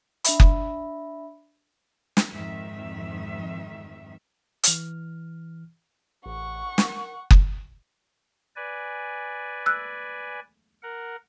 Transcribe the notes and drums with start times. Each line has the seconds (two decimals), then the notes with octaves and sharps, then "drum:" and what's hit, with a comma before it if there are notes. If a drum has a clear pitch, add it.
0.24 D4 E5 B5, drum: hi-hat
0.40 drum: kick F#1
2.17 drum: snare
2.33 F2 G#2 D#3 E5
4.63 E3 F6, drum: hi-hat
6.26 A1 F#5 C#6
6.78 A#4, drum: snare
7.30 drum: kick F#1
8.56 B4 D5 G#5
9.66 E6 F#6
10.83 A#4 F#5